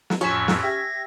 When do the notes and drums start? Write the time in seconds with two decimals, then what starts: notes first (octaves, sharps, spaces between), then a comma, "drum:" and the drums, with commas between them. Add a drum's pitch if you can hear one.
0.10 drum: snare
0.21 F2 A2 F3 C#4 B6 E7
0.48 drum: snare
0.62 G4 E5 G#6 A#6